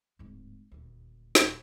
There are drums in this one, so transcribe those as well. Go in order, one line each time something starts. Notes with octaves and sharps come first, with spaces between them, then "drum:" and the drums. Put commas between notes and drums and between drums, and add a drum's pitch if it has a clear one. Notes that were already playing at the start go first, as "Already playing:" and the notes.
D1 G#2
D#1 D2
D#1, drum: snare